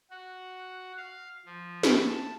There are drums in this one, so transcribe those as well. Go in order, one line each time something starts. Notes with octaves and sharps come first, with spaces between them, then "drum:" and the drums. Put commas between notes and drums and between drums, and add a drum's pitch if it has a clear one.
F#4
F5
F3
drum: snare
A5